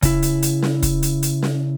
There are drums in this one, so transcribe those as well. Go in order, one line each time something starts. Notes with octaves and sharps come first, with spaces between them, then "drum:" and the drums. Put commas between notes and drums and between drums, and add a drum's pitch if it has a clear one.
C#3 E4, drum: kick, hi-hat
drum: hi-hat
drum: hi-hat
drum: snare
drum: kick, hi-hat
drum: hi-hat
drum: hi-hat
drum: snare